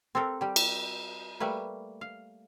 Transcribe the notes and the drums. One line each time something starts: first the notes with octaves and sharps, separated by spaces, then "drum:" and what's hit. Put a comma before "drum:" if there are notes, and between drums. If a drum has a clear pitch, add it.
C4 G4 A4 A#4
G3 G4
drum: cymbal
G3 A3 A#3 B4
F5